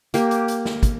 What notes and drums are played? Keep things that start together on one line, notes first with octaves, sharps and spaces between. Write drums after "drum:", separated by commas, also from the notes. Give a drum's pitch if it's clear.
A#3 G4, drum: hi-hat
drum: hi-hat
drum: hi-hat
drum: snare
drum: kick, hi-hat